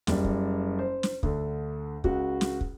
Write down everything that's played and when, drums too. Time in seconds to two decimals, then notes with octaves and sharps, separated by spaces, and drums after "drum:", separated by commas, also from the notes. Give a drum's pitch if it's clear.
0.07 F#1 G3, drum: snare
0.24 drum: kick
0.79 C5
1.03 drum: snare
1.23 D2 D3, drum: kick
2.04 C#2 F#4, drum: kick
2.41 drum: snare
2.61 drum: kick